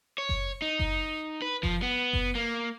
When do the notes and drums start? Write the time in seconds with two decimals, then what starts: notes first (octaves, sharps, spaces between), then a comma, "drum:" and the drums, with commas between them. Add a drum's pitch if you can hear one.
0.18 C#5
0.29 drum: kick F#1
0.62 D#4
0.79 drum: kick F#1
1.42 B4
1.63 F3, drum: kick F#1
1.82 B3
2.13 drum: kick F#1
2.35 A#3